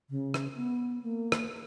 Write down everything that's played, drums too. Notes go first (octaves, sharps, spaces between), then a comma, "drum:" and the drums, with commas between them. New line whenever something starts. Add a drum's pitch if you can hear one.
C#3
drum: rim click
B3
A#3
drum: rim click